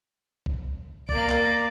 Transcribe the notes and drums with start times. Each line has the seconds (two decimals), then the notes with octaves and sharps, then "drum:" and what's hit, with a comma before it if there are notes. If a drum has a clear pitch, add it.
0.46 drum: kick
1.09 A#3 D5 D7, drum: kick
1.30 drum: clap